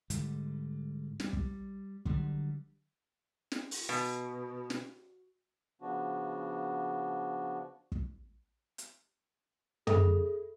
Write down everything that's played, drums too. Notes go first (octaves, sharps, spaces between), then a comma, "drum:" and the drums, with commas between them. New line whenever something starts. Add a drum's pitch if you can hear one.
G#2 D3 G3, drum: hi-hat
G3, drum: snare
drum: kick
D3 F#3 G3, drum: kick
drum: snare
drum: open hi-hat
B2
drum: snare
C#3 F3 B3 D4 F#4
drum: kick
drum: hi-hat
G#4 A4 E5 B5, drum: tom